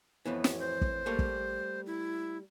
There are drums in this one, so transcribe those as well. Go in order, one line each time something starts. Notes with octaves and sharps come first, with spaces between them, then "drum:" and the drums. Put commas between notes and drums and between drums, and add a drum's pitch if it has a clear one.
F2 A2 E3 B3
drum: snare
C5
drum: kick
G3 A3 A#3
drum: kick
E4